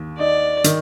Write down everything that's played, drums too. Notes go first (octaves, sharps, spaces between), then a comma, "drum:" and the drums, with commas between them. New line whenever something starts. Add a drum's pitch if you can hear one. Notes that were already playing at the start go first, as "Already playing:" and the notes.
Already playing: D#2
D#4 D5
D#3, drum: hi-hat